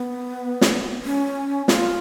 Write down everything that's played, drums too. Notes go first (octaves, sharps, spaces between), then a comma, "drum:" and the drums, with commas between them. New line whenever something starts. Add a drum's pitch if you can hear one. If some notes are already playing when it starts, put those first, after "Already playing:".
Already playing: B3
drum: snare
C#4
F4, drum: snare